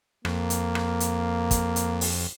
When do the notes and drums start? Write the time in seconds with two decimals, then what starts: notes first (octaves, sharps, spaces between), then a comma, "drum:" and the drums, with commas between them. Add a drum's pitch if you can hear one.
0.25 F2 A#3, drum: rim click
0.50 drum: hi-hat
0.75 drum: rim click
1.00 drum: hi-hat
1.51 drum: kick, hi-hat
1.76 drum: hi-hat
2.01 drum: open hi-hat